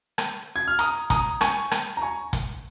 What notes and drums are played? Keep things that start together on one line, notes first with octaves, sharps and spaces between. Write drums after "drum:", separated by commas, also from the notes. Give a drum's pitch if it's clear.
drum: rim click
G#6
F6
A#5 D#6, drum: hi-hat
A#5 D#6, drum: kick, hi-hat
G#5 C#6, drum: rim click
drum: rim click
A#5
G#5 C#6
drum: kick, hi-hat